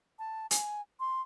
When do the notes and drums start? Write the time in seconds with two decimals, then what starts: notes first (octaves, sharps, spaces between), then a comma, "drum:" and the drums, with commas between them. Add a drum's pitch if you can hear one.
0.19 A5
0.51 G#5, drum: hi-hat
1.00 C6